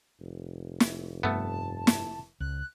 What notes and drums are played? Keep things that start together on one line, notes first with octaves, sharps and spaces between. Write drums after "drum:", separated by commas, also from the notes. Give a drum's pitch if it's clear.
F1
drum: snare
G2 A3 B3 A5
drum: snare
C#2 F#6